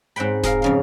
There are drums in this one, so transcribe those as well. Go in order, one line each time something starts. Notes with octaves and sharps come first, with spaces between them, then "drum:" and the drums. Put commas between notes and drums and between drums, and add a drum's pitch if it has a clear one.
G#2 C4 F#5 G5 B5
G#4 A#4 F5, drum: snare E1
F2 C#3 F5